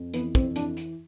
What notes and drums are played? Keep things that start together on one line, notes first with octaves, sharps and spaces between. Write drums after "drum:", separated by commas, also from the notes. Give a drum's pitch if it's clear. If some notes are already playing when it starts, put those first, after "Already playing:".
Already playing: F2
E3 B3, drum: hi-hat
F2 C4, drum: kick, hi-hat
E3 D4, drum: hi-hat
drum: hi-hat